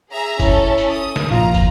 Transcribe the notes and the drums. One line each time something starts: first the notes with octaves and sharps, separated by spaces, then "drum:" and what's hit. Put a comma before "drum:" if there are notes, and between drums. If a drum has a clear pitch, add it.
G#4 E5 A#5
C#4 E4 A4, drum: kick, tambourine
drum: tambourine
D#6
drum: snare
A#1 F4 A#5
drum: kick, tambourine